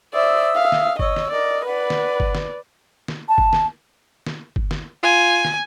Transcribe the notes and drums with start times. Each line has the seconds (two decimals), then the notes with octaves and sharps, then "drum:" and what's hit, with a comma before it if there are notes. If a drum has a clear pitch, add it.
0.13 C5 D5 E5 D#6 E6
0.55 F5
0.72 drum: snare
0.99 C#5 D#5 C#6 E6, drum: kick G1
1.16 drum: snare
1.31 A#4 D5 D#5
1.65 B4 D5 F#5 B5
1.90 drum: snare
2.20 drum: kick G1
2.35 drum: snare
3.08 drum: snare
3.29 A5
3.38 drum: kick G1
3.53 drum: snare
4.27 drum: snare
4.56 drum: kick G1
4.71 drum: snare
5.03 F4 G#5
5.45 drum: snare